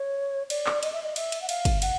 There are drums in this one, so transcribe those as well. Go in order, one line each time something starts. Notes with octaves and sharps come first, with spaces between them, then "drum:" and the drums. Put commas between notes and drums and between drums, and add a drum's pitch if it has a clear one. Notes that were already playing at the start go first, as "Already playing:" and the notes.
Already playing: C#5
D5, drum: cymbal
drum: clap
D#5, drum: cymbal
E5
D#5
E5, drum: cymbal
drum: cymbal
F#5
F5, drum: cymbal
drum: kick, cymbal
F#5, drum: cymbal